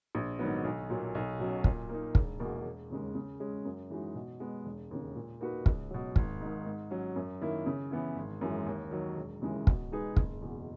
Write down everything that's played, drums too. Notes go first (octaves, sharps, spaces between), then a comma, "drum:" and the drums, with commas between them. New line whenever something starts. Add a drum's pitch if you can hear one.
A#1
G#2 D#3 F#3 B3
B1
A#2 F#3 A#3
B1
B2 F#3 C#4
A#2, drum: kick
A#3 D#4
E1, drum: kick
E2 B2 A#3
E1
D#2 C#3 G#3
C#3
G#3 C#4 G#4
F#2
E3 G#3 D#4 F#4
B2
G#3 B3
E1
D#2 C#3
A#2
A#3 D#4 F#4 B4
C#2, drum: kick
B2 F#3
G#1, drum: kick
G#2 D#3
G#2
F#3 C#4
F#2
D#3 A#3 E4
C#3
E3 B3 E4
G#1
F#2 E3 G#3
D#2
D#3 F#3
E1
D#2 C#3 E3 G#3
B2, drum: kick
G#3 D#4 G#4 B4
F#1, drum: kick
E2 B2